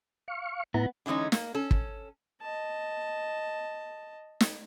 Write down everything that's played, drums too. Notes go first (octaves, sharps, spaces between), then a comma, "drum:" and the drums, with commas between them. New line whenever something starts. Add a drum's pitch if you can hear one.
F5 C#6
A2 B3 E4 A#5
D3 E3 G#3 C#4 D#4
A#3, drum: snare
C#4 A4
drum: kick
D#5 A5
drum: snare